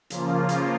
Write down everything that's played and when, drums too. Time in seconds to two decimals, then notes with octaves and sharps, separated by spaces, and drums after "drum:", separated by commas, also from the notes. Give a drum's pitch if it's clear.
0.10 C#3 F3 A#3 F4, drum: hi-hat
0.49 drum: hi-hat